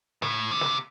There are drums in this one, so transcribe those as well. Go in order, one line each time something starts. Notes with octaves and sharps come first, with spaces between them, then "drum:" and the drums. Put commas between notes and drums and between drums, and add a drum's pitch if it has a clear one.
A2, drum: snare
C3
drum: snare